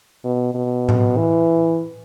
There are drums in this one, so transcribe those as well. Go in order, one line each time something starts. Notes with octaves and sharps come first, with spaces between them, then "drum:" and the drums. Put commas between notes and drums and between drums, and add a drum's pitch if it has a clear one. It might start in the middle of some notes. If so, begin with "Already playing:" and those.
B2
B2
drum: tom A2
E3